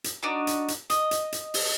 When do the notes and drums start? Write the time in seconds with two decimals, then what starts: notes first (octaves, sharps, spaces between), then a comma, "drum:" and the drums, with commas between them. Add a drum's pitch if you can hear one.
0.04 drum: hi-hat
0.23 D4 D#4 F#4
0.47 drum: hi-hat
0.68 drum: hi-hat
0.90 D#5, drum: hi-hat
1.11 drum: hi-hat
1.32 drum: hi-hat
1.54 drum: open hi-hat